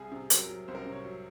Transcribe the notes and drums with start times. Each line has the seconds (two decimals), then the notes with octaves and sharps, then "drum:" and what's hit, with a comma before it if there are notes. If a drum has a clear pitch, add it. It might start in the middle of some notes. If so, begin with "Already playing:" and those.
Already playing: C2 G#4
0.12 C3
0.30 F#3 A#4, drum: hi-hat
0.49 F#3
0.68 C2 C5
0.75 A#4
0.82 C3 C5
0.92 C#5
1.05 F#3